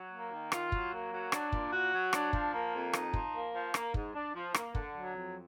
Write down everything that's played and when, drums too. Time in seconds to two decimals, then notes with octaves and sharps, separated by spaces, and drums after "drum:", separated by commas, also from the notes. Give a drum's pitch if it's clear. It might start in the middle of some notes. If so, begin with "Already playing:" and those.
Already playing: F#3
0.11 A#3
0.32 D#3
0.52 F4, drum: rim click
0.72 F#3, drum: kick
0.92 A#3
1.12 F#3
1.32 D4, drum: rim click
1.52 A#2, drum: kick
1.73 F#4
1.93 F#3
2.13 D4, drum: rim click
2.33 F3, drum: kick
2.53 A#3
2.73 F2
2.93 D#4, drum: rim click
3.13 F3, drum: kick
3.34 A#3
3.54 F3
3.74 A#3, drum: rim click
3.94 G#2, drum: kick
4.14 D4
4.34 F3
4.54 A#3, drum: rim click
4.75 D3, drum: kick
4.94 F#3
5.15 F2